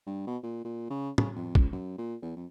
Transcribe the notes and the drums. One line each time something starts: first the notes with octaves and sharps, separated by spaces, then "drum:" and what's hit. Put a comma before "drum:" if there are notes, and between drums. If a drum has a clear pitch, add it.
G2
B2
A#2
A#2
C#3
C#3, drum: tom
F2
C#2, drum: kick
F#2
A#2
E2
F2